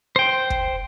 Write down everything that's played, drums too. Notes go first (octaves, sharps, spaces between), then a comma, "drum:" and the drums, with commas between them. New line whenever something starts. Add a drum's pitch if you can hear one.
C5 G5
drum: kick